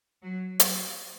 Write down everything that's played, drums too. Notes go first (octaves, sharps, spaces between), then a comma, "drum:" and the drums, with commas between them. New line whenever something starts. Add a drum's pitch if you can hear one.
F#3
F#3, drum: hi-hat